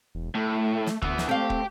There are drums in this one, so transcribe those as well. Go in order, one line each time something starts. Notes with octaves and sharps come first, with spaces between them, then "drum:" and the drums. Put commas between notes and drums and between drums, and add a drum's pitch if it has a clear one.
E1
A2 A3
drum: snare
D2 E3 B3, drum: kick
drum: snare
A3 C4 G4 F5
drum: kick